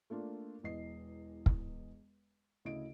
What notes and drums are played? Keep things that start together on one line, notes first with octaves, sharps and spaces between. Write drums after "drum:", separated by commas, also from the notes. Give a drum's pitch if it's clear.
A3 A#3 D4 F4
E1 E2 D#5 C7
drum: kick
D2 C#3 E4 D#5 D7